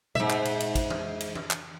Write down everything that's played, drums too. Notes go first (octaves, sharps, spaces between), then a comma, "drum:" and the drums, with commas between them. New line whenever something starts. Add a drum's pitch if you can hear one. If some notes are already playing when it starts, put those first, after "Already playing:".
G#2 E5, drum: tom A#2
drum: clap
drum: cymbal
drum: cymbal
drum: kick, cymbal
drum: tom
drum: cymbal
drum: tom
drum: clap